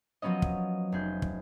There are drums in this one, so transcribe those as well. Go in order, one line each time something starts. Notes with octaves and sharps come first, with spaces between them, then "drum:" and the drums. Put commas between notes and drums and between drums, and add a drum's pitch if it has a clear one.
F3 F#3 B3 C#4 D#5
drum: kick
F1 G#4 G6
drum: kick